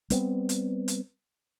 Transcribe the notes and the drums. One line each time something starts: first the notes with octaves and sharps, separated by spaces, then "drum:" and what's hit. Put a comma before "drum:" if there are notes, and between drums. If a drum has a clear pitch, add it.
G3 B3 C4, drum: hi-hat
drum: hi-hat
drum: hi-hat